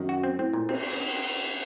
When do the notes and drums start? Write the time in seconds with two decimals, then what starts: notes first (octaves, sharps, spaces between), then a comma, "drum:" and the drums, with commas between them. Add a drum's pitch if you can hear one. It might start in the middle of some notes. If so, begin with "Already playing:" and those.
Already playing: F#2 D#3
0.09 F#4
0.23 C4
0.38 A2 C4
0.53 A#2
0.69 C4, drum: cymbal
0.91 drum: hi-hat